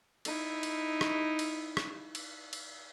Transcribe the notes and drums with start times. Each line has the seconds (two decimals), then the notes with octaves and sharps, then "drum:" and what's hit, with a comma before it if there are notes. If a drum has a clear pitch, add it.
0.25 D#4 E4, drum: cymbal
0.63 drum: cymbal
1.01 drum: rim click
1.39 drum: cymbal
1.77 drum: rim click
2.15 drum: cymbal
2.53 drum: cymbal